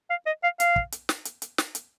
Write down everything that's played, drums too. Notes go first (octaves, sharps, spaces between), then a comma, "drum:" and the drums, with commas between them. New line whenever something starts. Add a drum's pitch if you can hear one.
F5
D#5
F5
F5, drum: hi-hat
drum: kick
drum: hi-hat
drum: snare
drum: hi-hat
drum: hi-hat
drum: snare
drum: hi-hat